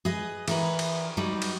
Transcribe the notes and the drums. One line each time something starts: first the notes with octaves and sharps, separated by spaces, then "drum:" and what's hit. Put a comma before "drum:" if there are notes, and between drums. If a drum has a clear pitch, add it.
G#4 B4 D#5
E3 A#4 B4, drum: cymbal
drum: cymbal
F#3 G3 D#4
drum: cymbal